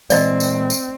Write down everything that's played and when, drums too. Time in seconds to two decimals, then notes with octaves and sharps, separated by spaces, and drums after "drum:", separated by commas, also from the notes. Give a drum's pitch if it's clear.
0.10 A#2 E3 G#3 C4 D5 D#5, drum: tambourine
0.40 drum: tambourine
0.70 drum: tambourine